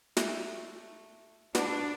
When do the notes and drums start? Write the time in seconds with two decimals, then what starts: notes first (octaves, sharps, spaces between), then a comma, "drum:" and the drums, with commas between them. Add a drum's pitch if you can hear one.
0.17 A3, drum: snare
1.55 D4 F#4 B4, drum: snare